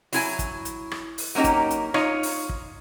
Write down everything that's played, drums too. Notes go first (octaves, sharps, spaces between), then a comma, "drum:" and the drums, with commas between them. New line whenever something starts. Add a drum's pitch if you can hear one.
F#3 E4 G#5, drum: open hi-hat
drum: kick, hi-hat
drum: hi-hat
drum: rim click
drum: open hi-hat
F#3 A#3 C#4 D#4 G4
drum: kick, hi-hat
drum: hi-hat
D#4 F4 C#5, drum: rim click
drum: open hi-hat
drum: kick